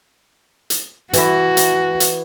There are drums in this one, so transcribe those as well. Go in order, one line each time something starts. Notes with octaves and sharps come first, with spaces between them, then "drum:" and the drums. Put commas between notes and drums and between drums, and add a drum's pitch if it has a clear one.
drum: hi-hat
E3 E4 F#4, drum: hi-hat
drum: hi-hat
drum: hi-hat